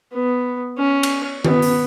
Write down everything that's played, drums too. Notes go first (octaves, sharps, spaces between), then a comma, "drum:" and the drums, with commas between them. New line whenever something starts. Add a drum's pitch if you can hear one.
B3
C#4
drum: cymbal
B3, drum: tom D#3
drum: open hi-hat